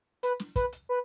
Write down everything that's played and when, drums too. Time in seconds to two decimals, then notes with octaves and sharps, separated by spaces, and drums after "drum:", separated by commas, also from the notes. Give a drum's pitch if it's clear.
0.23 B4, drum: hi-hat
0.40 drum: snare
0.56 B4, drum: kick, hi-hat
0.72 drum: hi-hat
0.89 B4